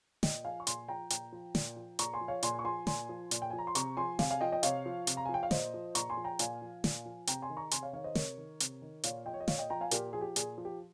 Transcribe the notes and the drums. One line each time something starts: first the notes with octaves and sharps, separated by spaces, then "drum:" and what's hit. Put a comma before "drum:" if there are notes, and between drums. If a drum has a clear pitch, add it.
A#2 D#5 G5, drum: snare
F3 F5 G#5
C#6
A#2 G#5 C6, drum: hi-hat
F3 G5 A#5
A#2 G5 A#5, drum: hi-hat
F3
A#2, drum: snare
F3
A#2 A#5 C#6, drum: hi-hat
G#5 C6
F3
C#5 F5
A#2 G#5 C6, drum: hi-hat
C#6
F3 G#5 C6
A#2 G#5 C6, drum: snare
F3
A#2, drum: hi-hat
G5
F3 G#5
A#5
C6
C3 A#5 C#6, drum: hi-hat
F3 G#5 C6
C3 F5 G#5, drum: snare
F5 G#5
F3 D#5 G5
D#5 G5
C3 C#5 F5, drum: hi-hat
F3
C3, drum: hi-hat
A#5
F3 G#5
G5
F5
A#2 C5 D#5, drum: snare
F3
A#2 A#5 C#6, drum: hi-hat
G#5 C6
F3
G5 A#5
A#2 F5 G#5, drum: hi-hat
F3
A#2, drum: snare
F3
C3 G5 A#5, drum: hi-hat
G#5 C6
D#3
A#5 C#6
C3 G#5 C6, drum: hi-hat
C#5 F5
D#3 C#5 F5
C5 D#5
C3 A#4 C#5, drum: snare
D#3
C3, drum: hi-hat
D#3
A#2 C#5 F5, drum: hi-hat
F3 D#5 G5
C#5
D#5
A#2 C#5 F5, drum: snare
D#5 G5
F3 G5 A#5
F5 G#5
A#2 G4 A#4, drum: hi-hat
F3 G#4
G4
A#2 G#4, drum: hi-hat
F3
G4